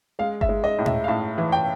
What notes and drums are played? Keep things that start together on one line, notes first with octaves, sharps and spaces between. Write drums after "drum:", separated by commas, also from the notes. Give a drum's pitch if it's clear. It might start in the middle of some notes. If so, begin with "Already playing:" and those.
G#3 F5
E5, drum: kick G1
G#3
D#5
A2
E5, drum: tom A#2
F5
A2 E5
E3
G5